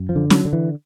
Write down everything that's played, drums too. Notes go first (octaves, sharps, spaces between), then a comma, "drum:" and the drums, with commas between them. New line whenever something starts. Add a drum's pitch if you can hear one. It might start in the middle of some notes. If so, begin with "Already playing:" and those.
Already playing: F#2
F3
D3
F#3, drum: snare C#4
D3
E3